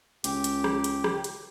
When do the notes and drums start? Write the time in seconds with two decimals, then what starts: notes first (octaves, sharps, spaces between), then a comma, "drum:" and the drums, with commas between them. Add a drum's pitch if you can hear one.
0.24 C#2 G4, drum: hi-hat
0.44 drum: hi-hat
0.64 drum: rim click
0.84 drum: hi-hat
1.04 drum: rim click
1.24 drum: hi-hat